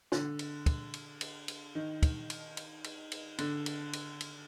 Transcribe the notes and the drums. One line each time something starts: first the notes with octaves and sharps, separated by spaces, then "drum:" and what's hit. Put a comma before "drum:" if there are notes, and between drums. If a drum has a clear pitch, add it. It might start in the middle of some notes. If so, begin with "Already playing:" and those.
D3, drum: snare
drum: cymbal
drum: kick, cymbal
drum: cymbal
drum: cymbal
drum: cymbal
D#3
drum: kick, cymbal
drum: cymbal
drum: cymbal
drum: cymbal
drum: cymbal
D3, drum: cymbal
drum: cymbal
drum: cymbal
drum: cymbal